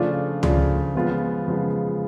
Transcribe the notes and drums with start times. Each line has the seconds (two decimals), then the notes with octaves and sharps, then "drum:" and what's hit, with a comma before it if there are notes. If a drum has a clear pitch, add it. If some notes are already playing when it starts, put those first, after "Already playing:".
Already playing: C#3 F3 A3 D4 F4
0.43 C#3 F3 A3 D4 F4, drum: tom
0.95 C#3 F3 G#3 B3 F4
1.48 C#3 F3 G#3 B3 F4